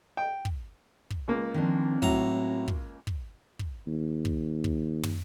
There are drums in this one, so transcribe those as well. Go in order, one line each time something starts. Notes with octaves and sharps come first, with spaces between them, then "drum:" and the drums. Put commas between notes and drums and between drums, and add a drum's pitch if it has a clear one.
G5
drum: kick
drum: kick
C#2 A#3
D#3 F3 C4 D4
A2 F#3 E4 F#4 A#5, drum: kick
drum: kick
drum: kick
drum: kick
D#2
drum: kick
drum: kick
drum: tom